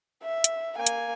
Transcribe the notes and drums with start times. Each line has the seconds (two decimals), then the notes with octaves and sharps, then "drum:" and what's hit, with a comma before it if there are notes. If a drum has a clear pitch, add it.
0.23 E5
0.44 drum: hi-hat
0.77 A#3 G#5
0.86 drum: hi-hat